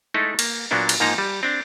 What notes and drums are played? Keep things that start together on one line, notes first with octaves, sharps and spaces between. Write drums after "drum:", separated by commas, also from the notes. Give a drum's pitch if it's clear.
G#3 A3 D#4 E4 A4
A#3, drum: cymbal
A#2 F#3 A#3 B3 D4
drum: cymbal
G#2 F3 A#3 D#4 A#5
G3
C4 D4